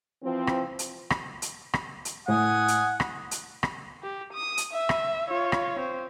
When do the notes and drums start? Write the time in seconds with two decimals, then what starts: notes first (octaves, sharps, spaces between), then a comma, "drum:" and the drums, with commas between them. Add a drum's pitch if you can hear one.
0.23 E3 F3 C4
0.47 drum: rim click
0.79 drum: hi-hat
1.10 drum: rim click
1.42 drum: hi-hat
1.74 drum: rim click
2.05 drum: hi-hat
2.28 A2 F#5 G#5 D#6
2.68 drum: hi-hat
3.00 drum: rim click
3.31 drum: hi-hat
3.63 drum: rim click
4.03 G4
4.33 D#6
4.57 drum: hi-hat
4.73 E5
4.89 drum: rim click
5.29 F4 C#5
5.52 drum: rim click
5.80 C4